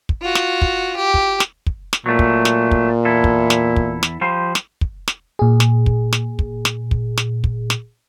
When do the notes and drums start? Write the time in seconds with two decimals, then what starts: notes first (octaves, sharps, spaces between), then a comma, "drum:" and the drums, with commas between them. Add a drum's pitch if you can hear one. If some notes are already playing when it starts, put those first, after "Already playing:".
0.09 drum: kick
0.22 F4 F#4
0.35 drum: snare
0.62 drum: kick
0.96 G4
1.14 drum: kick
1.40 drum: snare
1.66 drum: kick
1.93 drum: snare
2.06 A#2 F#3 A3
2.19 drum: kick
2.45 drum: snare
2.71 drum: kick
3.05 E2 E4 A4
3.24 drum: kick
3.50 drum: snare
3.76 drum: kick
4.03 drum: snare
4.21 F3 G3 C5
4.55 drum: snare
4.81 drum: kick
5.08 drum: snare
5.39 A#2 G#4
5.60 drum: snare
5.86 drum: kick
6.13 drum: snare
6.39 drum: kick
6.65 drum: snare
6.91 drum: kick
7.17 drum: snare
7.44 drum: kick
7.70 drum: snare